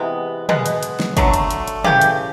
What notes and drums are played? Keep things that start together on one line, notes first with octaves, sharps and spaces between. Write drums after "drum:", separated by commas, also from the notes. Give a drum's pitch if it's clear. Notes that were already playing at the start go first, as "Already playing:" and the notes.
Already playing: C3 E3 G#3 B3
B2 G#3 B3, drum: tom
drum: hi-hat
drum: hi-hat
drum: snare
D3 F#3 A3, drum: kick, hi-hat
drum: hi-hat
drum: hi-hat
drum: hi-hat
C#3 E3 A3 G4, drum: tom
drum: hi-hat